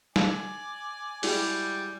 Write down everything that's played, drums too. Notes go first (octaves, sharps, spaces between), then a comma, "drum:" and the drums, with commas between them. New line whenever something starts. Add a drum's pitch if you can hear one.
D5 G#5, drum: snare
G3 G#3 E4 F#4 G#4 G5, drum: open hi-hat